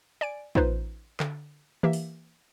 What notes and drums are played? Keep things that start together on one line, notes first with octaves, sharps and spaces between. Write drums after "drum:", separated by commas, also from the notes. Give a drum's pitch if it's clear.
D5 G#5 D7
B3 D#4 F4 B4 C5, drum: kick
D3, drum: clap
E3 A#3 G4 E5
drum: open hi-hat